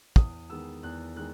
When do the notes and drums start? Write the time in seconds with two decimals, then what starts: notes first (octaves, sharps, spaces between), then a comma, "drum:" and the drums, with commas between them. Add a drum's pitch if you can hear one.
0.16 E2 D#6, drum: kick
0.50 D#3 G#3 B3 E6
0.83 E2 F#6
1.16 D#3 G#3 F#6